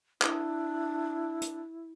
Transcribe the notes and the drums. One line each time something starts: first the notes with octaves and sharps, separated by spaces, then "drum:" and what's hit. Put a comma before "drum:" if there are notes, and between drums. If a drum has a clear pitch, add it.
D4 E4, drum: clap
drum: hi-hat